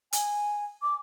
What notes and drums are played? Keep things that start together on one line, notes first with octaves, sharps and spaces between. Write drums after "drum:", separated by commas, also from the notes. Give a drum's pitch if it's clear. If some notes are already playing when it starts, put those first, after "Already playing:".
G#5, drum: hi-hat
D6